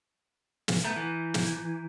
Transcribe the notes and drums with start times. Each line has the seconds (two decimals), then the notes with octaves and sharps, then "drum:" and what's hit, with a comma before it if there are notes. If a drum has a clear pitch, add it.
0.68 drum: snare
0.84 A3 B3 A#5 G6 B6
0.96 E3
1.34 drum: snare